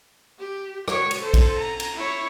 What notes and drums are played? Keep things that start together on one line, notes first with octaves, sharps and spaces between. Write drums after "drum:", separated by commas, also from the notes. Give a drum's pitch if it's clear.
G4
F#4 C#5, drum: rim click
drum: cymbal
A4 C5
drum: kick A#1, cymbal
A#5
drum: cymbal
E4 C#5